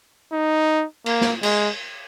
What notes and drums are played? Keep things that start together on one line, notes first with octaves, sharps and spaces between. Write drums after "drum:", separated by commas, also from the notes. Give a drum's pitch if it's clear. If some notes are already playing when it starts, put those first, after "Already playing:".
D#4
A#3, drum: cymbal
drum: snare
G#3, drum: cymbal